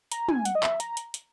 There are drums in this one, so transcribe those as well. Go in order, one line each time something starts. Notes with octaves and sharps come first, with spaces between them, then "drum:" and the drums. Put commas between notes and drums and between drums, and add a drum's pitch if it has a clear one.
A#5, drum: hi-hat
G#5, drum: tom
F#5, drum: hi-hat
D#5
E5, drum: clap
A#5, drum: hi-hat
drum: hi-hat
drum: hi-hat